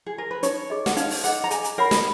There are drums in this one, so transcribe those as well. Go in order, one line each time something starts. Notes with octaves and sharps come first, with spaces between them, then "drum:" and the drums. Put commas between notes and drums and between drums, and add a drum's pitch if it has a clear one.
G#4
A#4
B4
D#4 C#5, drum: hi-hat
G#4 D#5
F#5, drum: snare
D#4 F5, drum: hi-hat
drum: open hi-hat
G#4 D#5 F#5, drum: hi-hat
A#5
G#4 G#5, drum: hi-hat
drum: hi-hat
A#4 C#5 F#5 B5
drum: snare